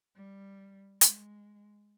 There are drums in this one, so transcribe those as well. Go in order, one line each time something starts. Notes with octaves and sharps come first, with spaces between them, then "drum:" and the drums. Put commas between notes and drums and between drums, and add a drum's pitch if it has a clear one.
G3
G#3, drum: hi-hat